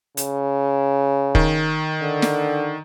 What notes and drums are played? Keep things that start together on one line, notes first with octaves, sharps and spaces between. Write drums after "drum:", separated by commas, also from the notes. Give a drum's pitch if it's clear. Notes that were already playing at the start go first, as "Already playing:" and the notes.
C#3, drum: hi-hat
D#3, drum: kick
D3
drum: snare